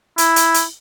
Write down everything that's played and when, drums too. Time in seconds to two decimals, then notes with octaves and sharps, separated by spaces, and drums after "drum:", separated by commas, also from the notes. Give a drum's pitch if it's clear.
0.18 E4, drum: hi-hat
0.36 drum: hi-hat
0.54 drum: hi-hat